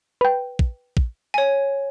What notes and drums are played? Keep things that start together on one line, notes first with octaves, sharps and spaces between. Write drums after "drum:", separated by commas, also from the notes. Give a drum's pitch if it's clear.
B4 G5
drum: kick
drum: kick
C#5 G#5